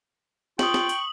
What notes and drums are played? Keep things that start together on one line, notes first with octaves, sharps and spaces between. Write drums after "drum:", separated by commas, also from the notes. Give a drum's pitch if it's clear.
F4 G5 C#6 D#6 F#7, drum: snare
drum: snare
drum: hi-hat